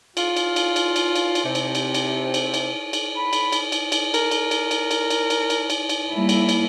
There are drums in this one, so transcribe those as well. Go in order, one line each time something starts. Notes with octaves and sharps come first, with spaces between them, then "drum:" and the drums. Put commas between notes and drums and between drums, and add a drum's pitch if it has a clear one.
F4, drum: cymbal
drum: cymbal
drum: cymbal
drum: cymbal
drum: cymbal
drum: cymbal
drum: cymbal
C3
drum: cymbal
drum: cymbal
drum: cymbal
drum: cymbal
drum: cymbal
drum: cymbal
B5
drum: cymbal
drum: cymbal
drum: cymbal
drum: cymbal
A#4, drum: cymbal
drum: cymbal
drum: cymbal
drum: cymbal
drum: cymbal
drum: cymbal
drum: cymbal
drum: cymbal
drum: cymbal
drum: cymbal
G3 A#3 E4
drum: cymbal
drum: cymbal